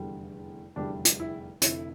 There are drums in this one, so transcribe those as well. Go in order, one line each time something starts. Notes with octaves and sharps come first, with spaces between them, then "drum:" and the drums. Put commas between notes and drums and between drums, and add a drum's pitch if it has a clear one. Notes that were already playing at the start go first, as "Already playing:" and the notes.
Already playing: F1 E2 D3 G3
F1 E2 D3 G3 D4
drum: hi-hat
E4
F1 F2 D3 E4, drum: hi-hat